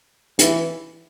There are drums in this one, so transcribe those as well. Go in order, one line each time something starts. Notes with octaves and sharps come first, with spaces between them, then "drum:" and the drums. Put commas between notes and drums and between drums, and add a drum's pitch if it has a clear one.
E3, drum: hi-hat